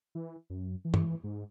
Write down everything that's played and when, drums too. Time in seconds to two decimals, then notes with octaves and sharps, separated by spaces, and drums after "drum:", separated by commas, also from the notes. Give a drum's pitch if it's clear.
0.15 E3
0.50 F#2
0.85 E3
0.94 drum: tom
1.24 G#2